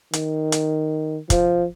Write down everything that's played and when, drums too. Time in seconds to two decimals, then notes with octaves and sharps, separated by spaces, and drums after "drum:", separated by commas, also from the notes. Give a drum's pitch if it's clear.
0.13 D#3, drum: hi-hat
0.52 drum: hi-hat
1.30 F3, drum: kick, hi-hat